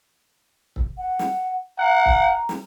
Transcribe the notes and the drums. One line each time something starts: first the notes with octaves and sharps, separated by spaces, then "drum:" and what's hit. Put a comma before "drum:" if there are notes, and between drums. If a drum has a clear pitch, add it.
drum: kick
F#5
drum: snare
F#5 A#5
drum: kick
drum: snare